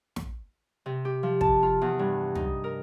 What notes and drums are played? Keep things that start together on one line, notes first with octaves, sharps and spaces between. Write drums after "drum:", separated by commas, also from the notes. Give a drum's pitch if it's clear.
drum: snare
C3
G4
F3
A5, drum: kick
F4
E2
G2
D#4, drum: tom
A#4